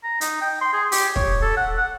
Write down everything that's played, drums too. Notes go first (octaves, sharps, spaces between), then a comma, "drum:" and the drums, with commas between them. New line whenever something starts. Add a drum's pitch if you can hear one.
A#5
D#4, drum: hi-hat
G5
C6
G#4
G4, drum: open hi-hat
C#5, drum: kick
A4
F#5
F#5